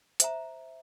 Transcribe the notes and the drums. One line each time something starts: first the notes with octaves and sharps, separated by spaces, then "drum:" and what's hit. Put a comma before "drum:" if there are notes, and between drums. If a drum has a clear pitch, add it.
C5 E5 A#5, drum: hi-hat